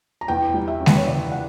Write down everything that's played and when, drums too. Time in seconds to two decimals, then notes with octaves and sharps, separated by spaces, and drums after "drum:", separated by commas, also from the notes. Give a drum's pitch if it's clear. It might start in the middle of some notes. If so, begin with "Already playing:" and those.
0.21 A#5
0.28 E2 G5
0.54 G3
0.68 E5
0.80 C#4
0.86 B4, drum: snare G#3
0.96 C#5
1.06 C#3 D5
1.32 F#5